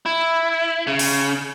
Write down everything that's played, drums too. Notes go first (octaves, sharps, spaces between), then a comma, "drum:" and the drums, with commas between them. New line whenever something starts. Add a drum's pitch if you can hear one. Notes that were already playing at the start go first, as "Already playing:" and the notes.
E4
C#3
drum: open hi-hat